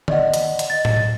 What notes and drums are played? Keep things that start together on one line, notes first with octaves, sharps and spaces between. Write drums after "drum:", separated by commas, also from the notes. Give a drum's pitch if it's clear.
D5 D#5 F#5, drum: tom
drum: hi-hat
drum: hi-hat
D#5 A6
drum: tom A2